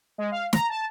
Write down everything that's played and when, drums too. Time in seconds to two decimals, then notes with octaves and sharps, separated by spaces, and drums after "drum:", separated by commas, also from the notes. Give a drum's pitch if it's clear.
0.18 G#3
0.31 F5
0.53 A#5, drum: snare
0.69 A5